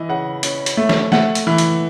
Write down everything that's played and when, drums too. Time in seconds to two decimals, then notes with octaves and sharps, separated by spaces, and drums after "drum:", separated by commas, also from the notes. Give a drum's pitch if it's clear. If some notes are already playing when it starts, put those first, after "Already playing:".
Already playing: E3 D#5
0.09 C#3 F#5
0.43 C#4, drum: hi-hat
0.66 drum: hi-hat
0.77 A3
0.89 drum: snare
1.12 A3 F#5, drum: snare
1.35 drum: hi-hat
1.47 E3
1.58 drum: hi-hat